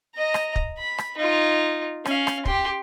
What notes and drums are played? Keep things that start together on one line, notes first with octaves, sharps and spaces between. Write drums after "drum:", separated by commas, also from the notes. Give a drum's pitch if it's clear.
D#5 A#5
drum: rim click
drum: kick
B5
drum: rim click
D#4 F4
C#4 F5, drum: rim click
drum: rim click
G4 C6, drum: kick